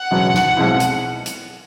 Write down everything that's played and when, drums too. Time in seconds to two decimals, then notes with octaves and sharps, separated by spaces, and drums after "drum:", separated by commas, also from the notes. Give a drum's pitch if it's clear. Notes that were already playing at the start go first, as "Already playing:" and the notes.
Already playing: F#5
0.11 F#1 E2 B2 F#3 B3
0.34 drum: snare
0.57 B1 B2 G#3 C4 E4
0.80 drum: hi-hat
1.26 drum: hi-hat